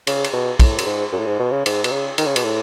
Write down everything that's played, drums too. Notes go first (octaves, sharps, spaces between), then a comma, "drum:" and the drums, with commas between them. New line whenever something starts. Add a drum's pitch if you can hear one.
C#3, drum: cymbal
drum: cymbal
B2
A2, drum: kick, cymbal
F#2, drum: cymbal
G#2
F#2
A2
G#2
B2
C#3
G#2, drum: cymbal
B2, drum: cymbal
C#3
D#3, drum: cymbal
C#3
B2, drum: cymbal
A2